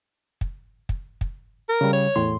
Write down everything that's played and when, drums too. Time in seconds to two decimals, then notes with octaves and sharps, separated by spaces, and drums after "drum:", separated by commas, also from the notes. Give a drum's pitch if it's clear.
0.41 drum: kick
0.89 drum: kick
1.21 drum: kick
1.69 A#4
1.81 C#3 G3
1.93 C#5
2.16 E2 A2 C6